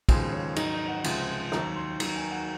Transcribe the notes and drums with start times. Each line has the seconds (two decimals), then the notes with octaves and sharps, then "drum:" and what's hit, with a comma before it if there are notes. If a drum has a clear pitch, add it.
0.09 D#2 C#3 F3 G#3 C5, drum: kick, cymbal
0.33 C#5
0.56 G#2 D#3 F#3 D#5, drum: cymbal
0.88 F#5
1.04 C#2 C3 F3 G#3, drum: cymbal
1.52 D#2 D#3 F#3 A#5, drum: rim click
1.76 C6
2.00 D#2 D#3 F#3 A#5, drum: cymbal
2.16 G#5
2.32 F#5